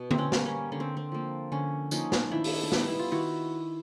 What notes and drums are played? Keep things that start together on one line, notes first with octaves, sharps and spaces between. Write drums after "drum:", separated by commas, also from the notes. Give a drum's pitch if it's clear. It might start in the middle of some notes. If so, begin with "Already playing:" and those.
Already playing: B2
C4, drum: tom D3
C#4
G3 A#3, drum: snare
C#4
D3 C#4
C4
C4
F3 A#3
D3 C#4
F3 A#3 C#4 D#4, drum: tambourine
drum: snare
D#3 D4 E4
drum: open hi-hat
D4
G3 B3 D#4, drum: snare
E4
F4
D#3 E4 F#4